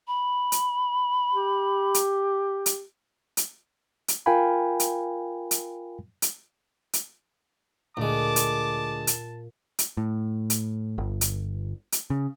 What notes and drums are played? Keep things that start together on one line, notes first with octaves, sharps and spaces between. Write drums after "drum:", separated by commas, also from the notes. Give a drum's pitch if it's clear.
B5
drum: hi-hat
G4
drum: hi-hat
drum: hi-hat
drum: hi-hat
drum: hi-hat
F4 A#4 F5 G5 G#5 B5
drum: hi-hat
drum: hi-hat
drum: hi-hat
drum: hi-hat
D2 A#2 G#3 A5 D6
drum: hi-hat
drum: hi-hat
drum: hi-hat
A2
drum: hi-hat
G1
drum: hi-hat
drum: hi-hat
C#3